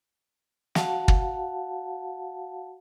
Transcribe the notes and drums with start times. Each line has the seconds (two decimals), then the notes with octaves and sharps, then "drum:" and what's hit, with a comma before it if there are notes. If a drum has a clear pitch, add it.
0.75 F#4 F5 F#5 A5, drum: snare
1.08 drum: kick